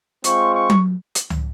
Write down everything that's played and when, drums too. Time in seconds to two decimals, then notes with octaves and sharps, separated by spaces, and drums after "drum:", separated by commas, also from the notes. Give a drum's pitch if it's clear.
0.24 G#3 C4 F4 C#6, drum: hi-hat
0.55 C#6
0.70 drum: tom F#3
1.15 drum: hi-hat
1.30 drum: tom C#2